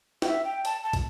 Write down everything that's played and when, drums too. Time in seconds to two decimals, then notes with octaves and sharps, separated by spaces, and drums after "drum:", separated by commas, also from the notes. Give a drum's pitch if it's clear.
0.22 G5, drum: snare
0.27 E5
0.44 G5
0.65 A5, drum: hi-hat
0.83 A5
0.93 drum: kick, hi-hat